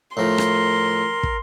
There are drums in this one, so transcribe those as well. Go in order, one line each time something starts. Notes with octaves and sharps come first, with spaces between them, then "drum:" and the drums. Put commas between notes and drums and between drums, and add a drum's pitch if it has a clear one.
A2 F3 A#4 C6
drum: rim click
drum: kick